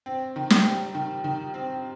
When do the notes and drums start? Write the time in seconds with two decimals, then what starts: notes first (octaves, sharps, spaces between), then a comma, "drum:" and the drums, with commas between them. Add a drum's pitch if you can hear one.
0.06 C4
0.36 D#3
0.50 drum: snare
0.65 G3
0.95 D#3
1.24 D#3
1.54 C4